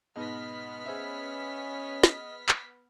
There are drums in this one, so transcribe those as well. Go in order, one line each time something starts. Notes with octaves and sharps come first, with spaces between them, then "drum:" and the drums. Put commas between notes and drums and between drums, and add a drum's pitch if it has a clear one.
G#2 B2 B3 D#5 F6 B6
C#4 G#4 C5 E5
drum: snare
drum: clap